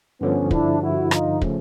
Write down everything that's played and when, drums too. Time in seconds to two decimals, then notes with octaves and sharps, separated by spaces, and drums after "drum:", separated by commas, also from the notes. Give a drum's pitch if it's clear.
0.20 G2 D3 F3 B3 C#4
0.51 D4 E4, drum: kick
0.81 E4 F#4
1.11 D#4 F4, drum: rim click
1.41 C#3 F3 A3 C#4, drum: kick